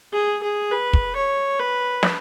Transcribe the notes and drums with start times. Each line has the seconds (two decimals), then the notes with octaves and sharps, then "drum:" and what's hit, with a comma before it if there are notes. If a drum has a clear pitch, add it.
0.13 G#4
0.43 G#4
0.71 B4
0.93 drum: kick
1.15 C#5
1.60 B4
2.03 drum: snare